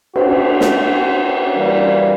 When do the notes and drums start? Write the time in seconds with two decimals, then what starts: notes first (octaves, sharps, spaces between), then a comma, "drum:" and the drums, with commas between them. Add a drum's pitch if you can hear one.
0.16 F#4 G5, drum: cymbal
0.61 drum: snare
1.55 E3 G3 A#3